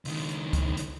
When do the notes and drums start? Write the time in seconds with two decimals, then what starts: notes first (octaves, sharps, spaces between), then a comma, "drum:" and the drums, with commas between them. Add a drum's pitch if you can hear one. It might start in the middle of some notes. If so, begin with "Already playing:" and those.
0.05 C#2 D#3, drum: open hi-hat
0.29 drum: hi-hat
0.53 drum: kick, hi-hat
0.77 drum: hi-hat